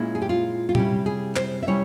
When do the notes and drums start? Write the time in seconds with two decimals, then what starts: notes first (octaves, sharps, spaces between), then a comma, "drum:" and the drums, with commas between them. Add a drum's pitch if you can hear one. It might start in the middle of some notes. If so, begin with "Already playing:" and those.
Already playing: A#2 G#3 C#4 E4
0.15 G#4
0.22 G4
0.29 F4
0.69 F4
0.75 C3 G3 C#4 E4 G4, drum: tom A#2
1.06 G#4
1.36 C5, drum: clap
1.63 E5
1.67 C3 G3 C#4 E4 C#5